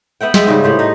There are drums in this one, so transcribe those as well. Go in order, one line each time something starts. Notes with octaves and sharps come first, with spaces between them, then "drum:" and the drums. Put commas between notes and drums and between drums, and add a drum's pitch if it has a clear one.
B3 E5 F#5 G5
G#3 E5 G5, drum: snare
G#2 C#3 G3
A2 G3 C5
D#4 D#5